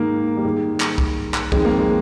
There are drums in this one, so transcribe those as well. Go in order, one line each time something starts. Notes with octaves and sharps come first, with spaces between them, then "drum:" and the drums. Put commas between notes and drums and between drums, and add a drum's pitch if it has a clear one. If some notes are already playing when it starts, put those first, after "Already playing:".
Already playing: G#2 D#3 A#3
G3
G#2 D#3 G#3
drum: clap
drum: kick
drum: clap
F2 D#3 G#3, drum: kick
A#3
G#3